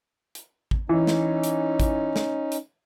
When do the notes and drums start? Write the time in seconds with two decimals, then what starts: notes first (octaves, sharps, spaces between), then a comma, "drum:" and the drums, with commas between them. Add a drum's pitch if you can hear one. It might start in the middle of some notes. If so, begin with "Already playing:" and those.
0.35 drum: hi-hat
0.71 drum: kick
0.89 E3 C#4 D#4
1.07 drum: snare
1.43 drum: hi-hat
1.80 drum: kick, hi-hat
2.16 drum: snare
2.52 drum: hi-hat